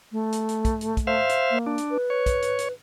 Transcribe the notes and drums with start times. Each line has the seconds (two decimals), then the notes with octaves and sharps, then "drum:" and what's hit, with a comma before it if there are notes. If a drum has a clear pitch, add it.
0.12 A3
0.32 drum: hi-hat
0.49 drum: hi-hat
0.65 drum: kick, hi-hat
0.81 drum: hi-hat
0.97 drum: kick, hi-hat
1.07 C5 E5 F5
1.29 drum: hi-hat
1.51 A#3
1.67 D4
1.78 drum: hi-hat
1.91 B4
2.10 C#5
2.26 drum: kick, hi-hat
2.42 drum: hi-hat
2.59 drum: hi-hat